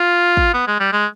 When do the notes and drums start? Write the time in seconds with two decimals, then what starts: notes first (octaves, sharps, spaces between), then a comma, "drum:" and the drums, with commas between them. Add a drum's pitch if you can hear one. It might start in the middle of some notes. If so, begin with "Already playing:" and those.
Already playing: F4
0.37 drum: kick
0.54 B3
0.67 G#3
0.80 G3
0.93 G#3